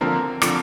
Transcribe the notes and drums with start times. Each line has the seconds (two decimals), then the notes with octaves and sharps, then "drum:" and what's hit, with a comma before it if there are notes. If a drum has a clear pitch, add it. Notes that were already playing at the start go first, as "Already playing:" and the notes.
0.01 D3 F3 A#3 C4 A#4
0.42 D3 F3 C4, drum: rim click